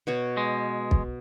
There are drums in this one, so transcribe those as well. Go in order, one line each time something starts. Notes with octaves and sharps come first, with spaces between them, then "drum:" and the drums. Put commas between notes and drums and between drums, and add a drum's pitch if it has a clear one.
B2 F#4 C#5
G#3
drum: kick